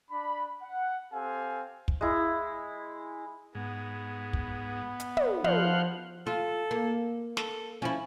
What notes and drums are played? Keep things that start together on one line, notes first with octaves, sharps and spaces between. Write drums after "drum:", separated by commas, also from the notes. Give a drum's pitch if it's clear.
D4 B5
F#5
C4 G4 A4 F5 G#5
drum: kick
G#3 E4
G#2 B3
drum: kick
drum: hi-hat
drum: tom
F3 C5 F5 F#5, drum: tom
F4 A4
A#3
A4, drum: snare
F3 C#4 E4